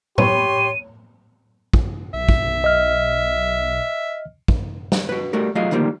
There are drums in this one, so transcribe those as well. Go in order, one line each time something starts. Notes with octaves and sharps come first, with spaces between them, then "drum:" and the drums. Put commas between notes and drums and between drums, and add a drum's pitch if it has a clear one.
G4 C#5 B5 C6 D#7, drum: tom A2
drum: kick
B1 E5
drum: kick
D#5 F6
drum: kick
drum: snare
F#4 B4
G3 A3 F#4 A#4
F#3 A3 F4 G#4 D#5 F5
D2 D#3 F3 G3 A#3